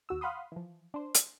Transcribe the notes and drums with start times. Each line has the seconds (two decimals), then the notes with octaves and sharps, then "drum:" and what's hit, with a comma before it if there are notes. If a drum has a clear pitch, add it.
0.09 D#2 F#4 E6
0.21 F5 F#5 B5 C6 D#6
0.52 E3 F3
0.94 D4 C5
1.14 drum: hi-hat